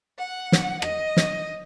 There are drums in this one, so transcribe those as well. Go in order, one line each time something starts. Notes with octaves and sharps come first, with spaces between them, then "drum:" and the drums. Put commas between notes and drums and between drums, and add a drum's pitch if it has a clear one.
F#5
drum: snare
D#5, drum: rim click
drum: snare